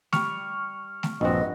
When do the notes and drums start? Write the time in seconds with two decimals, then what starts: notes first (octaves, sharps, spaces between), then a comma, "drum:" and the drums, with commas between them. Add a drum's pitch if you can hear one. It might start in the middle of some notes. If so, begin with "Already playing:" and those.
0.13 G3 G4 C#6 F6, drum: snare
1.03 drum: snare
1.21 A#1 G2 A#2 C4 F#4 D#5